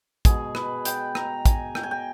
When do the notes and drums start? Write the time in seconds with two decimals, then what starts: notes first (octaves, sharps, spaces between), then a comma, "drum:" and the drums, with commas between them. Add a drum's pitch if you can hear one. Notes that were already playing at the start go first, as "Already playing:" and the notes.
0.25 B2 G#3 G#4, drum: kick, hi-hat
0.55 B4, drum: rim click
0.85 G5, drum: hi-hat
1.15 A#5, drum: rim click
1.45 G#5, drum: kick, hi-hat
1.75 G5, drum: rim click
1.83 G#5
1.91 G5